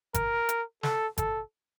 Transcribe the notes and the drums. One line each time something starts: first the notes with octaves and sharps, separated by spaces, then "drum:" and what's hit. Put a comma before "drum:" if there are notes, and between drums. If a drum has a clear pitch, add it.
A#4, drum: kick G#1, hi-hat
drum: hi-hat
A4, drum: snare
A4, drum: kick G#1, hi-hat